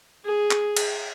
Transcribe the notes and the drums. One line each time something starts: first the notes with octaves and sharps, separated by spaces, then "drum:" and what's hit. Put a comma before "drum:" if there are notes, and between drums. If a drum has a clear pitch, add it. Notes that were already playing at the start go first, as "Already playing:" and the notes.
G#4
drum: clap
drum: cymbal